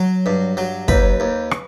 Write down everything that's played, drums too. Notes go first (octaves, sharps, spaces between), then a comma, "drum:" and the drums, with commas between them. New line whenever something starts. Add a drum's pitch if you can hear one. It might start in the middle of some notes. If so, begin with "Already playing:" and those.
Already playing: F#3
G2
F#3
D#2 B4, drum: kick
D#2
drum: rim click